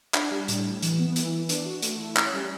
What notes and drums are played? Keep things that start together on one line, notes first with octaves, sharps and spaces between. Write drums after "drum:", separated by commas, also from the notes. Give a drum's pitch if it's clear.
D4, drum: clap
G3
A2, drum: hi-hat
A2
E3, drum: hi-hat
B3
E3, drum: hi-hat
E3
D4, drum: hi-hat
F#4
A3, drum: hi-hat
E4
C#4, drum: clap
G3